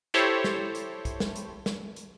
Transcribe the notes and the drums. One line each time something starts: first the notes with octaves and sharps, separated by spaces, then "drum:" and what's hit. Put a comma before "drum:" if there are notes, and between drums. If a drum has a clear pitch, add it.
E4 G4 A4 C5 C#5, drum: hi-hat
drum: snare
drum: hi-hat
drum: kick, hi-hat
drum: snare
drum: hi-hat
drum: snare
drum: hi-hat